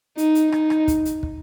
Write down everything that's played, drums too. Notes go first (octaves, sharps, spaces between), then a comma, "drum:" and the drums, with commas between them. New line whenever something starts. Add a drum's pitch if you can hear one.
D#4, drum: hi-hat
drum: hi-hat
D#4, drum: rim click
drum: rim click
drum: kick, hi-hat
drum: hi-hat
drum: kick